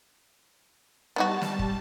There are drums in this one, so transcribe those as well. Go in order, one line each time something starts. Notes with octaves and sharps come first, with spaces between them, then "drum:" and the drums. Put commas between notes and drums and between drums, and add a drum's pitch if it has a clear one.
G3 B3 D#4 F#4 A5
drum: snare
drum: kick